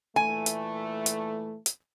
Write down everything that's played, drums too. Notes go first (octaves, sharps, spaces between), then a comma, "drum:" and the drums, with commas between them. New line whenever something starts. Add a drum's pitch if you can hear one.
A#2 E3 A3 G#5
drum: hi-hat
drum: hi-hat
drum: hi-hat